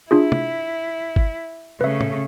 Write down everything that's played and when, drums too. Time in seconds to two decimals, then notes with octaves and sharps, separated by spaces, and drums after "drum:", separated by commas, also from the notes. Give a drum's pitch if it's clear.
0.11 D4 E4 F4 G#4
0.32 drum: tom
1.16 drum: kick G1
1.81 C#3 A3 B4 E5
2.01 drum: tom